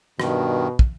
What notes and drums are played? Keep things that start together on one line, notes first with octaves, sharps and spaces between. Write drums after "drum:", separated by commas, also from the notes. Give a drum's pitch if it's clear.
G2 B2 D#3, drum: rim click
drum: kick